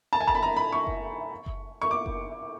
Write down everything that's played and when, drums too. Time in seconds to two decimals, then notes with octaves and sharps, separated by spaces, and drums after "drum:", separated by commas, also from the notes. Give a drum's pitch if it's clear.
0.13 A5
0.20 G#5
0.27 A5, drum: kick F#1
0.35 B5
0.43 A#5
0.56 B5
0.72 C#6
0.87 drum: kick F#1
1.46 drum: kick F#1
1.82 C#6
1.91 D6
2.06 drum: kick F#1